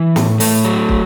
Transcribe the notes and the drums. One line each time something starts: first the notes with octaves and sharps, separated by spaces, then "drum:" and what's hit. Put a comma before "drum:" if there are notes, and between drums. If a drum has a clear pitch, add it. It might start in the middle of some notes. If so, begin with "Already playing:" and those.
Already playing: E3
A2, drum: snare
A3, drum: open hi-hat
F#3
drum: kick